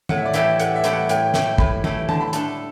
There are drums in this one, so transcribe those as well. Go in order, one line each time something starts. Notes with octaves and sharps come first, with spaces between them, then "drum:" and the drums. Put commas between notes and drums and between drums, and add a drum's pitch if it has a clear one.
A2 F#5, drum: tom
E5
D5
E3 A3 E4 G4 E5, drum: hi-hat
A2 F#5, drum: hi-hat
E5
E3 A3 E4 G4, drum: hi-hat
F#5
A2 G5, drum: hi-hat
E3 A3 E4 G4, drum: snare
A2 B5, drum: kick
E3 A3 E4 G4, drum: tom
D3 A5, drum: tom
B5
A3 D4 A4 A5, drum: hi-hat